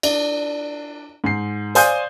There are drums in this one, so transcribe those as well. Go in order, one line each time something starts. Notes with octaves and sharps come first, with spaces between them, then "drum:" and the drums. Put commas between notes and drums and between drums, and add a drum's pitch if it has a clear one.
D4, drum: cymbal
G#2 C7
C5 D5 F5 G#5 D#6 G6, drum: hi-hat